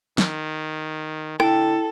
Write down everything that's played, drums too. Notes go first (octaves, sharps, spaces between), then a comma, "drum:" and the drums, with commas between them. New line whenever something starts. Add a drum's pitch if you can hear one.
D#3, drum: snare
D3 E4 A4 G5, drum: rim click